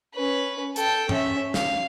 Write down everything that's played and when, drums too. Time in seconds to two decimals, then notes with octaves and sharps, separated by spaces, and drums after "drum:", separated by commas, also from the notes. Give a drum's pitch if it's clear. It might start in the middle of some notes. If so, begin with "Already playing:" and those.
0.14 C#4 B4
0.76 A4 G5, drum: hi-hat
1.09 C#4 E5, drum: tom G2
1.54 F5, drum: snare